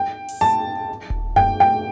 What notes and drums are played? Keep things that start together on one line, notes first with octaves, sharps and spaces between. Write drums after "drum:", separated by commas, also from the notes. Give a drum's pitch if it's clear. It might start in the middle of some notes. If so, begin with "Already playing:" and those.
Already playing: G5
drum: open hi-hat
A5
drum: kick D#1
G5, drum: tom F#2
G5